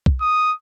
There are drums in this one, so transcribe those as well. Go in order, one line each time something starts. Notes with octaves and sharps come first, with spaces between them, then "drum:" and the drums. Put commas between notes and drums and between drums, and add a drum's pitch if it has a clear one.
drum: kick
D#6